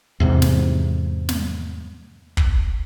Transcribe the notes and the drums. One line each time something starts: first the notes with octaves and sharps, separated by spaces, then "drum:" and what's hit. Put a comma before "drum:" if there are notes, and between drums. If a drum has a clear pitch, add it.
E2 G#2 C3
drum: snare
drum: snare
drum: kick